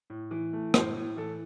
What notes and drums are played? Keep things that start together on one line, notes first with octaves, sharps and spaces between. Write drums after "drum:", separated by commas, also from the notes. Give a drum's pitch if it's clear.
A2
E3
A3
A2 C5, drum: rim click
A2
E3 A4